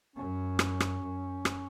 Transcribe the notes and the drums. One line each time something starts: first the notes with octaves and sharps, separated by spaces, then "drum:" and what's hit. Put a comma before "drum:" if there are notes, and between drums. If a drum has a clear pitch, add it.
F#2 C#4
drum: rim click
drum: rim click
F#2
drum: rim click